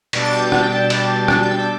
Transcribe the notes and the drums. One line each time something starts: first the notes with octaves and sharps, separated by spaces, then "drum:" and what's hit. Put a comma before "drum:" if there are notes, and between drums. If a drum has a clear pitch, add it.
B2 G3 D4, drum: cymbal
A6
G6
G6, drum: rim click
G5
A5
B2 G3 D4, drum: cymbal
drum: rim click
G6
E6
D6